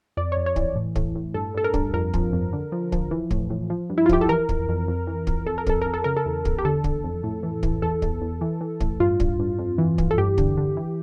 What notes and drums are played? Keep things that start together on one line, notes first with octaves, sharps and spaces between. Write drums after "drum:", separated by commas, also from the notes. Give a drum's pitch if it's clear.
F2 D5
F2 C#5
C#5
E3, drum: kick
A2
A2, drum: kick
A2
G2 A4
G2 A4
A#4
G2, drum: kick
F2 A#4
F3, drum: kick
F2
D3
F3
F3, drum: kick
E3
A2, drum: kick
A2
F3
G2
E4
F4
F3 G4, drum: kick
A4
E3 A#4
F2, drum: kick
F2
F2
E3
F2, drum: kick
F2 A4
A#4
F2 A4, drum: kick
F2 A#4
A4
C#3 A#4
A4
E2
E2, drum: kick
G4
D3 A4
D3, drum: kick
F2
A2
E3
E3, drum: kick
E2 A4
E2, drum: kick
E2
E3
E3
A2, drum: kick
G2 F4
G2, drum: kick
G2
F2
E3
E3, drum: kick
A4
G2 G4
D3, drum: kick
D3
E3